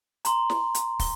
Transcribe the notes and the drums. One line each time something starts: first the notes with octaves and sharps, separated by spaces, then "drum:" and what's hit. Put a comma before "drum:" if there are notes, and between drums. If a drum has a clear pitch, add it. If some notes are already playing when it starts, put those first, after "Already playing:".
A#5 C6, drum: hi-hat
drum: snare
drum: hi-hat
drum: kick, open hi-hat